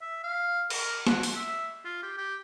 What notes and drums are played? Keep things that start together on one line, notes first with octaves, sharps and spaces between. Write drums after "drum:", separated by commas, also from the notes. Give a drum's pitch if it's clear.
E5
F5
A#4, drum: cymbal
F#5, drum: snare
drum: open hi-hat
E5
F4
G4
G4